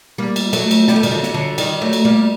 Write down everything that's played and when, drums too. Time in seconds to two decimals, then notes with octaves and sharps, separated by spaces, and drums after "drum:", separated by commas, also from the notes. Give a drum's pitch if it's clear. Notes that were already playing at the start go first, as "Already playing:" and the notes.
0.18 G3 A#3
0.36 drum: cymbal
0.53 F#3 A3, drum: cymbal
0.71 drum: cymbal
0.88 G3, drum: snare
0.96 A3
1.03 D#3 G3, drum: cymbal
1.11 D3 F#3
1.23 drum: snare
1.34 D3 F#3
1.58 D#3 G3, drum: cymbal
1.81 F#3 A3
1.93 drum: cymbal
2.05 G3 A#3